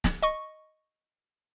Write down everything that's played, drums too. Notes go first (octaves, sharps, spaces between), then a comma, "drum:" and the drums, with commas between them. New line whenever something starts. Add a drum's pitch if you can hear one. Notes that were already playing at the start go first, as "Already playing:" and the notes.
drum: snare
D#5 C#6